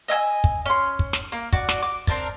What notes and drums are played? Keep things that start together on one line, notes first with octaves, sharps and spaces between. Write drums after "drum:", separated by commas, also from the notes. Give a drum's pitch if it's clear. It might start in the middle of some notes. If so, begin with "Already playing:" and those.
D#5 E5 G#5 E6
drum: kick
C#4 C6
drum: kick
drum: snare
A#3
F#4 D5, drum: kick
drum: snare
D6
C4 D4 A#4 A5, drum: kick